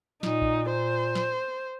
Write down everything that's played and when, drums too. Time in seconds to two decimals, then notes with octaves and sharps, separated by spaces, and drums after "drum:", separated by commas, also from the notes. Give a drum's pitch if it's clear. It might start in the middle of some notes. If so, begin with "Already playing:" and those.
0.23 A#2 D#4, drum: snare
0.42 drum: kick A#1
0.70 C5
1.15 drum: snare